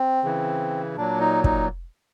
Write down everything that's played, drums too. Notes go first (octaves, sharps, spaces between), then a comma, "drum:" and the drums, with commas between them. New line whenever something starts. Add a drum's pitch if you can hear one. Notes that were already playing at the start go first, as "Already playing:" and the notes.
Already playing: C4
C#3 E3
A#2 F#3 D4
D#4
D#4, drum: kick